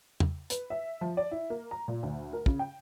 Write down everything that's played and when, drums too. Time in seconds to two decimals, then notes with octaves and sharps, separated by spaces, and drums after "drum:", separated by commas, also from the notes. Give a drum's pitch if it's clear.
0.20 drum: tom
0.50 B4, drum: hi-hat
0.70 E5
1.01 F3
1.17 D5
1.31 E4
1.50 A#3
1.71 A#5
1.88 A#2
2.03 D2
2.33 A#4
2.46 C#3, drum: kick
2.59 G5